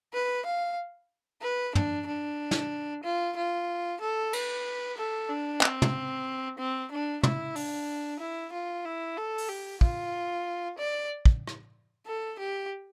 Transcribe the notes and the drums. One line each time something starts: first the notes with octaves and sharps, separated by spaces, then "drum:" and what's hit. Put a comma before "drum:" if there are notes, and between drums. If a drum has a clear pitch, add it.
B4
F5
B4
D4, drum: tom
D4
drum: snare
F4
F4
A4
B4, drum: cymbal
A4
D4
C4, drum: clap
drum: tom
C4
D4
E4, drum: tom
D4, drum: open hi-hat
E4
F4
E4
A4
drum: open hi-hat
G4
F4, drum: kick
D5
drum: kick
drum: rim click
A4
G4